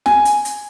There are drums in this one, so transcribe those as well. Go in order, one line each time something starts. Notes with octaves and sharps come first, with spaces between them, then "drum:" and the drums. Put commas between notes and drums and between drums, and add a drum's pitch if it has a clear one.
G#5, drum: snare
drum: hi-hat
drum: hi-hat